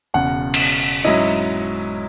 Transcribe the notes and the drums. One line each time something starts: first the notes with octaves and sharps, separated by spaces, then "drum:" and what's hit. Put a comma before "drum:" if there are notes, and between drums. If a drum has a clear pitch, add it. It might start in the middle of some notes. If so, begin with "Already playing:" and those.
E1 E2 C#3 F#5
drum: cymbal
G#2 F#3 C#4 E4 D#5